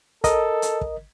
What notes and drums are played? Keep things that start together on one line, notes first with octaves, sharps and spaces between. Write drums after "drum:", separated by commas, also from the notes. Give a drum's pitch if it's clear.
A4 A#4 D#5, drum: kick, hi-hat
drum: hi-hat
drum: kick